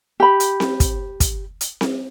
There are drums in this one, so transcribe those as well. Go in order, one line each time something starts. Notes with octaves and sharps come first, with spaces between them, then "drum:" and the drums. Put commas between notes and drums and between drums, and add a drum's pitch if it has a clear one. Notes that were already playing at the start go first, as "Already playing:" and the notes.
G4 B5
drum: hi-hat
drum: snare C4
drum: kick, hi-hat
drum: kick, hi-hat
drum: hi-hat
drum: snare C4